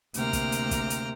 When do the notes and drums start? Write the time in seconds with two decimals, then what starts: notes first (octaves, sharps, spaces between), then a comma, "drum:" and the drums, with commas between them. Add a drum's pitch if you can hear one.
0.14 D2 C3 A#3 G5 A#5 F6, drum: hi-hat
0.33 drum: kick, hi-hat
0.52 drum: hi-hat
0.71 drum: kick, hi-hat
0.90 drum: hi-hat